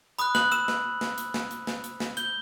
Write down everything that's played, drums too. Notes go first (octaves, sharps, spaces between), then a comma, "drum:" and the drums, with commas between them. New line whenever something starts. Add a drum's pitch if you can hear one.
B5 D#6 F#6, drum: hi-hat
F#6 F#7, drum: snare
E6 E7, drum: hi-hat
drum: snare
drum: snare
drum: hi-hat
drum: snare
drum: hi-hat
drum: snare
drum: hi-hat
drum: snare
G6 G7, drum: hi-hat